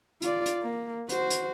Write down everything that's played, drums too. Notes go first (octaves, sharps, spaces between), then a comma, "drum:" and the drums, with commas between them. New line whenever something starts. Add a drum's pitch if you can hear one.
F4 D5, drum: hi-hat
drum: hi-hat
A#3
F#4 C5, drum: hi-hat
drum: hi-hat